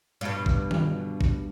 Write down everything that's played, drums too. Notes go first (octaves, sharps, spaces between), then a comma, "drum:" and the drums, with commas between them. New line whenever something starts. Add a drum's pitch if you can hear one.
G2 B2
drum: kick
drum: tom D#3
drum: kick